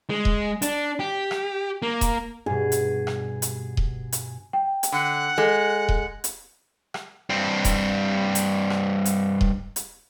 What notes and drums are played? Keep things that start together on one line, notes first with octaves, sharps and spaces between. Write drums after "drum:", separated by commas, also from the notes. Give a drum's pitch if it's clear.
G#3
drum: kick D#1
D4, drum: hi-hat
G4
drum: rim click
A#3
drum: kick D#1, hi-hat
G2 B2 G#4
drum: hi-hat
drum: rim click
drum: hi-hat
drum: kick D#1
drum: hi-hat
G5
drum: hi-hat
D3 F#5
G#3 A4
drum: kick D#1
drum: hi-hat
drum: rim click
G2 C4
drum: kick D#1, hi-hat
drum: hi-hat
drum: rim click
drum: hi-hat
drum: kick D#1
drum: hi-hat